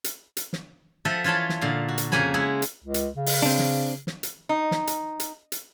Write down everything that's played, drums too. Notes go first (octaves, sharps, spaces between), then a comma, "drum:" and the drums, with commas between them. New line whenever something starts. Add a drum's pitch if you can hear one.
drum: hi-hat
drum: hi-hat
drum: snare
F3 A4 B4 E5 F#5
E3 F4 C#5 A5 B5
drum: snare
A#2 D3 F5
F#4
drum: hi-hat
F2 C#3 A#3 F#5 G#5 B5, drum: snare
G#3 E4 G#4 F#5
drum: hi-hat
C#2
drum: hi-hat
C#3
drum: open hi-hat
C4 D4
drum: snare
drum: snare
drum: hi-hat
D#4
drum: snare
drum: hi-hat
drum: hi-hat
drum: hi-hat